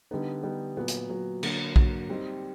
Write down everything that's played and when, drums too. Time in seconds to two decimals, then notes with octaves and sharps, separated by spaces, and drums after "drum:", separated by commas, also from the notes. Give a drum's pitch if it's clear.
0.11 D3 G3 B3 D#4
0.43 D3 G3 B3 D#4
0.77 A#2 F#3 B3
0.88 drum: hi-hat
1.09 A#2 F#3 B3
1.43 D3 F#3 A#3, drum: cymbal
1.76 D3 F#3 A#3, drum: kick A#1
2.09 G3 C4 D#4